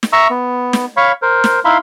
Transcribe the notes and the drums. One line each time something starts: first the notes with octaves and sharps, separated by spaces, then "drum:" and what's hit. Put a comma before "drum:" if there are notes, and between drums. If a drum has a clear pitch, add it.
drum: snare
E5 A#5 C#6 E6
B3
drum: snare
C#5 F5 B5 C#6
A#4 C5
drum: snare
D#4 E4 F5 B5 C6